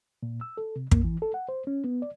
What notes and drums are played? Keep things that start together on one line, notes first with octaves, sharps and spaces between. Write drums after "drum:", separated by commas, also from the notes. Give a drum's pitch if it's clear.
A#2
E6
A4
C3
A#3, drum: kick
E3
A4
F#5
C5
C#4
B3
D5